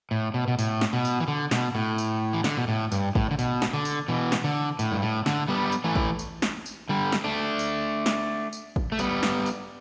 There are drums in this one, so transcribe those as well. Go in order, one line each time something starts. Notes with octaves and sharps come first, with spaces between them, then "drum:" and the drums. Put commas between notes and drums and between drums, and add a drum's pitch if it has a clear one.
A2
B2
B2
A2, drum: tambourine
drum: snare
B2
drum: tambourine
E3
D3
B2, drum: snare
A2
drum: tambourine
E3
D3, drum: snare
B2
A2
G2, drum: tambourine
A2, drum: kick A1
D3
B2, drum: tambourine
drum: snare
D3
drum: tambourine
B2 E3
drum: snare
D3
A2, drum: tambourine
G2
A2
D3, drum: snare
G3 B3
drum: tambourine
E3 A3
drum: kick A1
drum: tambourine
drum: snare
drum: tambourine
D3 G3
drum: snare
A3 D4
drum: tambourine
drum: snare
drum: tambourine
drum: kick A1
A3
G3 B3, drum: tambourine
drum: snare
drum: tambourine